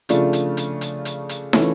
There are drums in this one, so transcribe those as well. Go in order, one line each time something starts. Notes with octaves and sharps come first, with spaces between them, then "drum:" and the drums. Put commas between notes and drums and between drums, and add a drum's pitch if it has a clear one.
C#3 F3 A3 D4 F4, drum: hi-hat
drum: hi-hat
drum: hi-hat
drum: hi-hat
drum: hi-hat
drum: hi-hat
E3 A3 C#4 F4, drum: snare